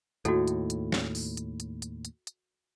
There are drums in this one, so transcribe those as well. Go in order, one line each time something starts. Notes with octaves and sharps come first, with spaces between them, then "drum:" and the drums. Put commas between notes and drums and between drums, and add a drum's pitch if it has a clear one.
D#2 A2 F#4 A4, drum: hi-hat
drum: hi-hat
drum: hi-hat
drum: snare
drum: open hi-hat
drum: hi-hat
drum: hi-hat
drum: hi-hat
drum: hi-hat
drum: hi-hat